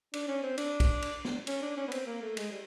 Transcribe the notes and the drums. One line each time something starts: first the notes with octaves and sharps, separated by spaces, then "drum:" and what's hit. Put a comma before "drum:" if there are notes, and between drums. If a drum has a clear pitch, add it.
D4, drum: cymbal
C#4
C4
D4, drum: cymbal
drum: kick B1, cymbal
drum: cymbal
drum: snare
C#4, drum: cymbal
D4
C#4
B3
C4, drum: cymbal
A#3
A3
G#3, drum: cymbal
G3